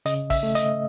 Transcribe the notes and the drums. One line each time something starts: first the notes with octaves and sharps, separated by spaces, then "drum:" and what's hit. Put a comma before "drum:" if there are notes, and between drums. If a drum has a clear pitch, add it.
C#3 D#5, drum: hi-hat
E5, drum: kick, open hi-hat
A3
D#5, drum: hi-hat